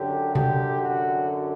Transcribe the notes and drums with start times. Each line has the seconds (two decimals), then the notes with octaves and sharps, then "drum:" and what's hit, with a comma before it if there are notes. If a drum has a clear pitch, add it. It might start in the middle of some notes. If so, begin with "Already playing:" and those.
Already playing: F#2 D3 F#3 G4
0.35 G4, drum: tom C3
0.81 F#4